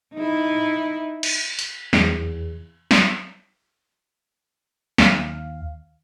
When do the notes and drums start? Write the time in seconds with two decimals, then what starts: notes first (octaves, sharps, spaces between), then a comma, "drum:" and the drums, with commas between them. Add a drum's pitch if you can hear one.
0.14 D#4 E4
1.23 drum: cymbal
1.59 drum: hi-hat
1.93 E2, drum: snare
2.91 drum: snare
4.98 D#2 F5, drum: snare